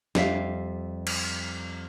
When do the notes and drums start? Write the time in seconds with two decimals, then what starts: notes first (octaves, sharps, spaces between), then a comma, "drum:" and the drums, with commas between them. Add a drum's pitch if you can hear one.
0.15 F2 G3 E5 F5, drum: snare
1.07 drum: cymbal